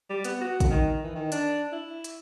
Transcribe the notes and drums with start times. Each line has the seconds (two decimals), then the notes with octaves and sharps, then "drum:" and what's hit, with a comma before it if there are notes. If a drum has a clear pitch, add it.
0.10 G3
0.24 B3, drum: hi-hat
0.41 F#4
0.60 drum: kick, hi-hat
0.70 D#3
1.03 E3
1.15 D#3
1.32 D4, drum: hi-hat
1.72 E4
2.04 drum: hi-hat